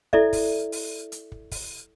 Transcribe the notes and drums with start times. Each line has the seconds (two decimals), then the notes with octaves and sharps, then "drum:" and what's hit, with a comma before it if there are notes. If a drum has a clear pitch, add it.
0.13 E4 A4 D5 E5, drum: kick
0.33 drum: kick, open hi-hat
0.72 drum: open hi-hat
1.12 drum: hi-hat
1.32 drum: kick
1.51 drum: kick, open hi-hat